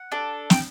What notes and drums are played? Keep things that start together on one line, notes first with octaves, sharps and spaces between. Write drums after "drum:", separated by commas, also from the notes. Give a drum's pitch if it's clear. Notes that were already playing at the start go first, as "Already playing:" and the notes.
Already playing: F#5
D4 A4
G5, drum: snare